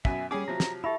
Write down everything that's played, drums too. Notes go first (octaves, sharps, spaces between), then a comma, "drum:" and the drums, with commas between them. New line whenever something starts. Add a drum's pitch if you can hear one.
F#2 B2 E5 G#5, drum: kick
G3 C#4 G#4 D6
C3 F3 F#3 A#5
drum: snare
E4 G4 A4 E5 B5